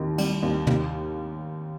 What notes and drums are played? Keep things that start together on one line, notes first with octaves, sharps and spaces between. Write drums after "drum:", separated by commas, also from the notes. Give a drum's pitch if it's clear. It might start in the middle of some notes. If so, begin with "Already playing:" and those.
Already playing: D#2 D#3
G3, drum: cymbal
D#2
D#2, drum: tom